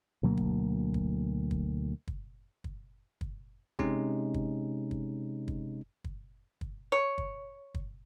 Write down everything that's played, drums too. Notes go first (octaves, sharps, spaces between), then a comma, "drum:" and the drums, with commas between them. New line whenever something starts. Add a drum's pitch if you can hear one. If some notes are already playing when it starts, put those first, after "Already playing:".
D2 B2 F#3 A#3
drum: kick
drum: kick
drum: kick
drum: kick
drum: kick
drum: kick
C3 G#3 C#4 D#4, drum: kick
drum: kick
drum: kick
drum: kick
drum: kick
drum: kick
C#5
drum: kick
drum: kick